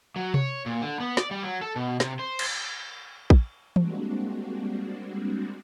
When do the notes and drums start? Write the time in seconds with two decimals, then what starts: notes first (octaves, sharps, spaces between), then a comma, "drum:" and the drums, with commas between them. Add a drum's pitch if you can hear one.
0.16 F#3
0.34 C#5, drum: tom C3
0.66 A#2
0.82 D3
1.00 B3
1.17 D5, drum: snare
1.31 G3
1.44 F#3
1.61 A4
1.76 B2
2.00 C3, drum: snare
2.19 C5
2.39 drum: cymbal
3.30 drum: kick
3.76 G3 G#3 A#3 C4 D4 F#4, drum: tom E3